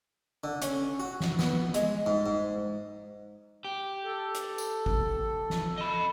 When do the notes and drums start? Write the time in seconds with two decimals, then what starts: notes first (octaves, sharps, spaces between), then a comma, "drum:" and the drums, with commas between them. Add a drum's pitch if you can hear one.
0.44 D3
0.62 C#4, drum: hi-hat
1.00 F#4
1.20 drum: snare
1.39 B3, drum: snare
1.74 G#3, drum: hi-hat
2.06 G#2
2.26 G#2
3.65 G4
4.05 A4
4.35 drum: hi-hat
4.58 drum: tambourine
4.86 drum: kick
5.50 drum: snare
5.78 D#5 B5